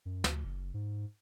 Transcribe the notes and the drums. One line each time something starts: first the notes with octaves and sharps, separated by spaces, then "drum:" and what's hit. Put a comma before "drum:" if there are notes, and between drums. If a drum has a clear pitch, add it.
F#2
D2, drum: snare
F#1
G#2